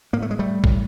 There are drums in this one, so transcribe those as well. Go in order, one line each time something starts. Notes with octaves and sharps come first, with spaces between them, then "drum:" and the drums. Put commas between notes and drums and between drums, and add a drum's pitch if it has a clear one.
A2 A#3
A3
G#3
G3 A3
A2, drum: kick A1